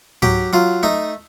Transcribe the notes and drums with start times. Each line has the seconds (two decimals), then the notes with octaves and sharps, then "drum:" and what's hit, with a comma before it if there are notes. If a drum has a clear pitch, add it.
0.22 F#3 G4, drum: tom G#2
0.53 F#3 F4
0.83 A3 D#4